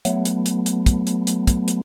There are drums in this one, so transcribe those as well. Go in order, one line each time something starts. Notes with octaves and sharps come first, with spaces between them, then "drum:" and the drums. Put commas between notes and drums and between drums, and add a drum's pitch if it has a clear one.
F#3 A3 B3, drum: hi-hat
drum: hi-hat
drum: hi-hat
drum: hi-hat
drum: kick, hi-hat
drum: hi-hat
drum: hi-hat
drum: kick, hi-hat
drum: hi-hat